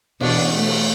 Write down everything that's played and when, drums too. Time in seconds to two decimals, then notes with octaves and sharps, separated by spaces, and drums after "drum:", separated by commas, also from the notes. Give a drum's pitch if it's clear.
0.20 E2 B2 D4, drum: cymbal
0.51 A3
0.66 drum: cymbal